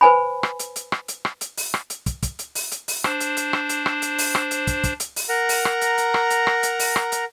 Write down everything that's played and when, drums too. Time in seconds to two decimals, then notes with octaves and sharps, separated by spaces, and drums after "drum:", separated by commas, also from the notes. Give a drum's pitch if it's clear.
0.01 B4 C5 G#5 B5
0.43 drum: rim click
0.59 drum: hi-hat
0.76 drum: hi-hat
0.92 drum: rim click
1.08 drum: hi-hat
1.25 drum: rim click
1.41 drum: hi-hat
1.57 drum: open hi-hat
1.74 drum: rim click
1.90 drum: hi-hat
2.06 drum: kick, hi-hat
2.23 drum: kick, hi-hat
2.39 drum: hi-hat
2.55 drum: open hi-hat
2.72 drum: hi-hat
2.88 drum: open hi-hat
3.04 D4 C5, drum: rim click
3.20 drum: hi-hat
3.37 drum: hi-hat
3.53 drum: rim click
3.69 drum: hi-hat
3.86 drum: rim click
4.02 drum: hi-hat
4.18 drum: open hi-hat
4.35 drum: rim click
4.51 drum: hi-hat
4.67 drum: kick, hi-hat
4.84 drum: kick, hi-hat
5.00 drum: hi-hat
5.16 drum: open hi-hat
5.29 A#4 F#5 A#5
5.49 drum: open hi-hat
5.65 drum: rim click
5.82 drum: hi-hat
5.98 drum: hi-hat
6.14 drum: rim click
6.30 drum: hi-hat
6.47 drum: rim click
6.63 drum: hi-hat
6.79 drum: open hi-hat
6.96 drum: rim click
7.12 drum: hi-hat